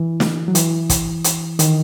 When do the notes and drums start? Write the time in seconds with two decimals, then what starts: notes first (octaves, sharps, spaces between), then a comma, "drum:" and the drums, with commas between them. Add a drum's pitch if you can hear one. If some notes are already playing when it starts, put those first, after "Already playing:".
Already playing: E3
0.20 drum: snare
0.48 F#3
0.55 E3, drum: hi-hat
0.90 drum: kick, hi-hat
1.24 drum: hi-hat
1.59 D#3, drum: hi-hat